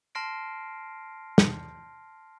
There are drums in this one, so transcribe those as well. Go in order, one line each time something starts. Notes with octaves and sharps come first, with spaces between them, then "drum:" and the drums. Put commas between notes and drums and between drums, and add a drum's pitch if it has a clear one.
A5 C6 F6 A#6 C7 D7
drum: snare